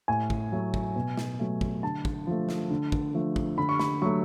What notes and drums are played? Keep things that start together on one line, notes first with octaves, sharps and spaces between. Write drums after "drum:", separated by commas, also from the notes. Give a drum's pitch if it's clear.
A2 G#5
drum: kick
F#3 A3
drum: kick
B2
drum: snare
F#3 A3
drum: kick
D3 A5
drum: kick
F3 A3
drum: snare
D3
drum: kick
F3 A3
drum: kick
D3 B5
C#6
B5, drum: snare
F#3 A3 C#6